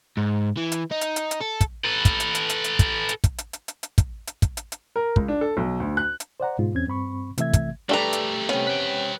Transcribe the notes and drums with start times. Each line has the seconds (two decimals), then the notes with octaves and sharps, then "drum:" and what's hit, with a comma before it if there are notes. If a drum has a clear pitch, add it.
0.17 G#2
0.57 E3
0.72 drum: hi-hat
0.91 D#4
1.01 drum: hi-hat
1.16 drum: hi-hat
1.31 drum: hi-hat
1.41 A4
1.61 drum: kick, hi-hat
1.85 A4 B4
2.05 drum: kick, hi-hat
2.20 drum: hi-hat
2.35 drum: hi-hat
2.49 drum: hi-hat
2.64 drum: hi-hat
2.79 drum: kick, hi-hat
3.09 drum: hi-hat
3.24 drum: kick, hi-hat
3.38 drum: hi-hat
3.53 drum: hi-hat
3.68 drum: hi-hat
3.83 drum: hi-hat
3.98 drum: kick, hi-hat
4.27 drum: hi-hat
4.42 drum: kick, hi-hat
4.57 drum: hi-hat
4.72 drum: hi-hat
4.96 A#4
5.16 C#2, drum: kick
5.28 D4
5.41 A4
5.57 B1
5.80 D2
5.97 F#6
6.20 drum: hi-hat
6.40 C5 D5 F#5 A#5
6.59 G#2 B2 F4
6.74 E2 C4 C#4 G#6
6.87 G2 C4 B5 C#6
7.38 C3 E3 A3 E5 G#6, drum: hi-hat
7.53 drum: kick, hi-hat
7.89 G2 G3 A3 D4 A4 B4 A#5
8.13 drum: hi-hat
8.49 C3 B3 C#4
8.67 B4 G5